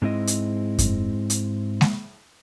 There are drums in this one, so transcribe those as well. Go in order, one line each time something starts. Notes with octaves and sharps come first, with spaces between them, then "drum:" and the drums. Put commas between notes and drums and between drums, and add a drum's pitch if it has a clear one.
G#2 G#3 C4 E4 D#5
drum: hi-hat
drum: kick F#2, hi-hat
drum: hi-hat
drum: snare G#3